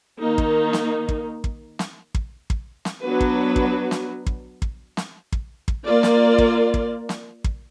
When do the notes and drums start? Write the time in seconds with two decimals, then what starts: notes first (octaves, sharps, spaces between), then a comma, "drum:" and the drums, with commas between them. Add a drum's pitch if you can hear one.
0.20 D#3 A#3 D#4
0.38 drum: kick
0.73 drum: snare
1.09 drum: kick
1.44 drum: kick
1.79 drum: snare
2.15 drum: kick
2.50 drum: kick
2.85 drum: snare
3.02 F#3 B3 D4 F#4 B4
3.20 drum: kick
3.56 drum: kick
3.91 drum: snare
4.26 drum: kick
4.62 drum: kick
4.97 drum: snare
5.32 drum: kick
5.68 drum: kick
5.86 A#3 F4 A#4 D5
6.03 drum: snare
6.38 drum: kick
6.74 drum: kick
7.09 drum: snare
7.44 drum: kick